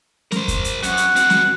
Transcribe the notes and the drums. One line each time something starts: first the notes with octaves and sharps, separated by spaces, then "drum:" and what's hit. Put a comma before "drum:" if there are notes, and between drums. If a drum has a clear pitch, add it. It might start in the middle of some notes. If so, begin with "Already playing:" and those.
A#4 C5, drum: snare
drum: kick, hi-hat
drum: hi-hat
F#3 C#4 F#5, drum: hi-hat
drum: hi-hat
C4 F#4, drum: hi-hat
drum: snare